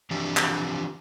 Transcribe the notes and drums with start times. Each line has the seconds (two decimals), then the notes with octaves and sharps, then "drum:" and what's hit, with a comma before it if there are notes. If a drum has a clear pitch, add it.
0.11 E3 F3 C4 D4 G4
0.37 drum: clap